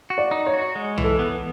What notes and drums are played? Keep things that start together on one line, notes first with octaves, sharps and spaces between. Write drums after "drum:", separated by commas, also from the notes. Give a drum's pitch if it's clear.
F#4
D5
D#4
C#5
F#4
G#3
E3, drum: tom
A4
B3